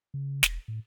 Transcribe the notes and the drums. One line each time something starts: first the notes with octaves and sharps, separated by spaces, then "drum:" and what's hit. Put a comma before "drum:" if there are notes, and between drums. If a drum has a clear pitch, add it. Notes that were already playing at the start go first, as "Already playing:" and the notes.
C#3
E1, drum: snare
A2